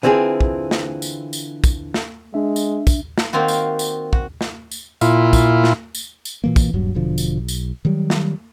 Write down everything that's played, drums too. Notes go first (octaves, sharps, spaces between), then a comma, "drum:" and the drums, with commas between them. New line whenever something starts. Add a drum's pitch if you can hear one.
D3 E3 C4 F4 G#4
drum: kick
drum: snare
drum: tambourine
drum: tambourine
drum: kick, tambourine
drum: snare
G#3 D4 E5
drum: tambourine
drum: kick, tambourine
drum: snare
D#3 A#3 C4 F4 F#4
drum: tambourine
drum: tambourine
F#4, drum: kick
drum: snare
drum: tambourine
A#2 E4 F4, drum: tambourine
drum: kick, tambourine
drum: snare
drum: tambourine
drum: tambourine
A#2 E3 A#3
drum: kick, tambourine
D#1 G2 F#3
E1 B2 D3 F3
drum: tambourine
B1
drum: tambourine
D#3 F#3 G3
drum: snare